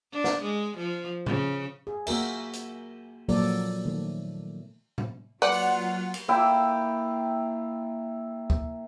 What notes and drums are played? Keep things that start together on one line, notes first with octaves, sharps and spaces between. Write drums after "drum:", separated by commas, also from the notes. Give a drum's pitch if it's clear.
D4
drum: snare
G#3
F3
C#3, drum: tom A2
G#4
A#3 F#4 A#4 E5, drum: cymbal
drum: hi-hat
A#2 F3 F#3 A#3 A4 D5, drum: open hi-hat
D#3 A3
drum: tom A2
F#3 A#3 F4 B4 D5 F#5
drum: open hi-hat
drum: cymbal
A#3 E4 E5 G5
drum: kick